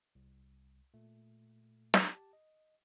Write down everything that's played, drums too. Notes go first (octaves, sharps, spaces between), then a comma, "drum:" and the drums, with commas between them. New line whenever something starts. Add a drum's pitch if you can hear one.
C2
A#2 A3
drum: snare
G4 A5
D#5